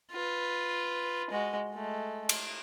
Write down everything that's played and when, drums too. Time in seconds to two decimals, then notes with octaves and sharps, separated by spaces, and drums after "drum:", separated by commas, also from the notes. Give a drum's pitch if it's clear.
0.12 F4 B4
1.31 G#3 F#4
1.71 G#3 A3
2.29 drum: cymbal